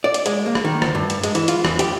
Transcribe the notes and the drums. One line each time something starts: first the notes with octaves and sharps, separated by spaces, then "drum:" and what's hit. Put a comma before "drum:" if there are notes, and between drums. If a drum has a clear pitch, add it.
D5
drum: hi-hat
G#3, drum: hi-hat
A#3
drum: rim click
D#3
D2, drum: rim click
G2
drum: hi-hat
G#3, drum: hi-hat
E3, drum: hi-hat
F4, drum: hi-hat
E2, drum: rim click
G4, drum: hi-hat